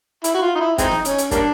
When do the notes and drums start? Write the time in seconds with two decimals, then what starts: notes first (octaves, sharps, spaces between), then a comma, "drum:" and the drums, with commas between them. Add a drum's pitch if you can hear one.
0.24 E4, drum: hi-hat
0.34 F#4
0.42 F4
0.55 D#4
0.60 E4
0.78 G#3 C4 D#4, drum: kick, hi-hat
0.91 drum: snare
1.05 C#4, drum: hi-hat
1.18 drum: hi-hat
1.31 G3 A#3 D4, drum: kick, hi-hat